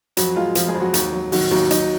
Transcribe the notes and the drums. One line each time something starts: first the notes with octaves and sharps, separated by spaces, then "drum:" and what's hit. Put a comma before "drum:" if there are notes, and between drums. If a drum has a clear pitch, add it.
F2 F#3 F#4, drum: hi-hat
G#3 F4
F3 F4, drum: hi-hat
G#3 G#4
F2
F#3 F#4
D#2, drum: hi-hat
F#3
D#3 F#3 F#4, drum: open hi-hat
D#2 F#3 F#4
F#3 D#4, drum: hi-hat